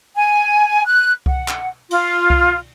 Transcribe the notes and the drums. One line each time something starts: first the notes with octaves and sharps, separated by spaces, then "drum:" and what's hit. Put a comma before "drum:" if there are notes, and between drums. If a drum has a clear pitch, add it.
G#5
F#6
F#5, drum: kick C2
drum: clap
F4, drum: cymbal
drum: kick C2